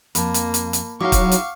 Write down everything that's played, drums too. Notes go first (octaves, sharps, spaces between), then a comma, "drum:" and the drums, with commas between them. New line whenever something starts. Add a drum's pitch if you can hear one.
F2 A#3 A5 B5, drum: hi-hat
drum: hi-hat
drum: hi-hat
drum: hi-hat
F#3 D#4 E4 G#4 F5 F#5 C#6 D6
drum: kick, hi-hat
drum: hi-hat